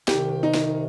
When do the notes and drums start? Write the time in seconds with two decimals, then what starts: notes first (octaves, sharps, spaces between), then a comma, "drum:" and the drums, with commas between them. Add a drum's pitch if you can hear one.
0.08 C2 C3 D#3 G4, drum: snare
0.43 D#4
0.54 drum: snare